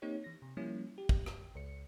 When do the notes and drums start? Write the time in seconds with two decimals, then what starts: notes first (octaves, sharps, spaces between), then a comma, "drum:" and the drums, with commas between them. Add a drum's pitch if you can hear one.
0.02 A#3 C4 D#4 G4 C#5
0.24 E3 A#6
0.42 C3
0.57 F3 G3 A#3 C#4 E4
0.98 G4
1.09 drum: kick
1.26 drum: rim click
1.55 C#2 C#7